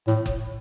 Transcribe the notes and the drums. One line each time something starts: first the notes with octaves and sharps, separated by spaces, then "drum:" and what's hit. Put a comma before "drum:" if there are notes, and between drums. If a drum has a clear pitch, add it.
A2, drum: snare
drum: kick F#1